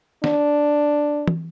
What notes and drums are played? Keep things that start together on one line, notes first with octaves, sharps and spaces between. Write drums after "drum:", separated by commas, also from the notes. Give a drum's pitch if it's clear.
D4, drum: snare
drum: tom E3